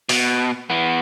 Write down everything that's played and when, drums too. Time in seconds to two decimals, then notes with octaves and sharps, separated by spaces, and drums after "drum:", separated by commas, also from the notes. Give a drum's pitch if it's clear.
0.09 B2, drum: open hi-hat
0.70 E3 B3